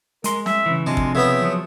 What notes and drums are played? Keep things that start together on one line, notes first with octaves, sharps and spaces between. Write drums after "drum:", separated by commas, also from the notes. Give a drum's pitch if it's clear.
G#3 A#4 C6, drum: hi-hat
E5, drum: snare
C#3 E3
C3 F3 G#3 D4
drum: kick
C#3 B3 E5 G5
F3 F#3